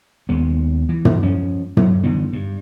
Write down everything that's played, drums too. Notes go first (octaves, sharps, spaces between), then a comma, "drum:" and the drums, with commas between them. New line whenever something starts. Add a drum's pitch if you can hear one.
D#2 G#3 B3
E3
drum: tom
F3 C#4
F#3, drum: tom
D3 E3 G3 B3
G2